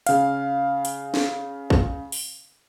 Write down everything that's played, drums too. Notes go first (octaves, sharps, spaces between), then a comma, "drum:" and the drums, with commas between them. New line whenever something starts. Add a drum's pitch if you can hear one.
C#3 F5, drum: hi-hat
drum: hi-hat
drum: snare
drum: kick
drum: open hi-hat